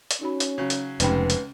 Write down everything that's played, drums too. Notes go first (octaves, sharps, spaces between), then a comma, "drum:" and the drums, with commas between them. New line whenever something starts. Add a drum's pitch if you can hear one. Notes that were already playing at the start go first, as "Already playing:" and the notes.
drum: hi-hat
C#4 D#4 F#4 B5
drum: hi-hat
C#3 F#3
drum: hi-hat
F1 C#2 G#2 C3 C#4 B4 G5 B5, drum: hi-hat
drum: hi-hat